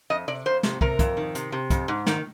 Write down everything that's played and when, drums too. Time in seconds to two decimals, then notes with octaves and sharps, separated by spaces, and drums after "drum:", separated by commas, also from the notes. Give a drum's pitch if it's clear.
0.10 F2 D#5
0.28 C3 D5
0.46 F2 C5
0.63 C3, drum: snare
0.81 C3 A#4, drum: kick
0.99 F2, drum: kick, hi-hat
1.17 D#3
1.35 C3, drum: hi-hat
1.52 C3
1.70 F2, drum: kick, hi-hat
1.88 G#2
2.06 D#3, drum: snare